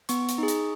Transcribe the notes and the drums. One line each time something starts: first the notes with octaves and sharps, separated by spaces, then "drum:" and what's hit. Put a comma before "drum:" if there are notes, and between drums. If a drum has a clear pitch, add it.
B3 C#6, drum: hi-hat
drum: hi-hat
D#4 G#4
drum: hi-hat